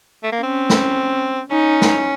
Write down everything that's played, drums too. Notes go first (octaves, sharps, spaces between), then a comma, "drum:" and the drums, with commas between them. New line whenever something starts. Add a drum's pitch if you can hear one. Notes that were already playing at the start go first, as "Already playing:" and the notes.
A3
A#3
C4 C#4
drum: snare
C#4 D#4
drum: snare